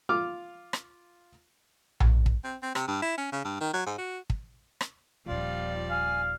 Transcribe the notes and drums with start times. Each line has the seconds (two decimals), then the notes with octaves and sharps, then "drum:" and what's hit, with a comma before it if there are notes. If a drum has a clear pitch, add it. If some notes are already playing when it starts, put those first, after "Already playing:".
0.09 F4 D6 F6
0.73 drum: rim click
2.00 drum: tom A#1
2.26 drum: kick
2.44 C4
2.63 C4
2.75 C3, drum: rim click
2.88 G2
3.02 E4
3.18 C#4
3.32 C#3
3.45 G2
3.61 D#3
3.74 F#3
3.86 G#2
3.98 F#4
4.30 drum: kick
4.81 drum: rim click
5.26 D#1 D#2 F3 G3 F4 D5
5.90 F5 G#5